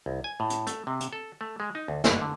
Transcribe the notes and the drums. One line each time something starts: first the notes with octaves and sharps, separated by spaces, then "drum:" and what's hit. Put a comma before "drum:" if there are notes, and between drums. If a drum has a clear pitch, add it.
C2
G#5
A2
drum: hi-hat
A3, drum: hi-hat
C3
drum: hi-hat
A4
A3
G#3
D#4
D2
G1, drum: snare
D3